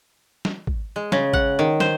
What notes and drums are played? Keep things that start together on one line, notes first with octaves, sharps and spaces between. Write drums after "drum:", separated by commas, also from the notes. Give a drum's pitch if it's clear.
drum: snare
drum: kick
G#3
C#3, drum: snare
F#5, drum: kick
D#3
C5, drum: snare